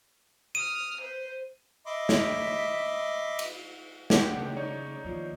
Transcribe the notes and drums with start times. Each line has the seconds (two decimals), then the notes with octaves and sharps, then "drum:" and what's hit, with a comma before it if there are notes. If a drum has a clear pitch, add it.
0.55 D#6 F6 D#7
1.00 B4 C5
1.86 D#5 E5 B5 C6 D6
2.09 drum: snare
3.39 drum: cymbal
4.10 G4 F#5 G5, drum: snare
4.31 C#3
4.57 D#4 C#5 D5
5.05 D#2 F3